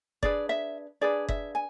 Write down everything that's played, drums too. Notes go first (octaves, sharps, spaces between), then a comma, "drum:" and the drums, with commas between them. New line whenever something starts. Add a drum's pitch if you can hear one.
D4 G#4 B4 D5, drum: kick F#1
E5
D4 G#4 B4 D5
E5, drum: kick F#1
G#5